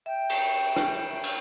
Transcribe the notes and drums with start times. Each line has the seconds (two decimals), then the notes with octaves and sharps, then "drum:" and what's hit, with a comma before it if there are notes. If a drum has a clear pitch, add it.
0.06 E5 G5
0.30 drum: cymbal
0.76 drum: rim click
1.23 drum: cymbal